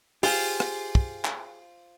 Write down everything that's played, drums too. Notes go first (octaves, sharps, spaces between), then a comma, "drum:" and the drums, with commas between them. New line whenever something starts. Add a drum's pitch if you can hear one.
F4 G4 G#4 C5, drum: open hi-hat
drum: rim click
drum: kick
drum: clap